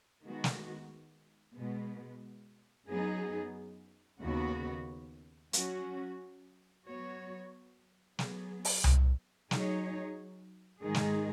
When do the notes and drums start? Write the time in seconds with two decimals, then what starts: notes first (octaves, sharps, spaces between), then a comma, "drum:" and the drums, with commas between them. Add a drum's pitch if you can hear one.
0.23 D#3 G#3 B3 F#4
0.44 drum: snare
1.56 B2 G#3 B3
2.88 F#2 F#3 B3 D#4 G#4
4.21 D#2 C#3 B3 F#4
5.53 F#3 C#4 F#4, drum: hi-hat
6.86 F#3 B3 F#4 C#5
8.19 F#3 B3 G#4, drum: snare
8.65 drum: open hi-hat
8.84 drum: tom C2
9.51 F#3 D#4 G#4 C#5, drum: snare
10.83 G#2 D#3 G#3 D#4 G#4
10.94 drum: snare